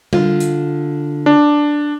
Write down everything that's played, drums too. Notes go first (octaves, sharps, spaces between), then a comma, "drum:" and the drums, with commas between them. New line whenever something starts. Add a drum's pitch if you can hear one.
D3 F4, drum: tom G3
drum: hi-hat
D4